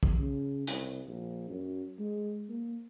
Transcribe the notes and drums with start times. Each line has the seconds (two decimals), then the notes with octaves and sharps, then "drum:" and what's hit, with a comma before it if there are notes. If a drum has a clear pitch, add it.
0.03 drum: kick
0.18 C#3
0.67 C2, drum: hi-hat
1.07 A#1
1.49 F#2
1.99 G#3
2.49 A#3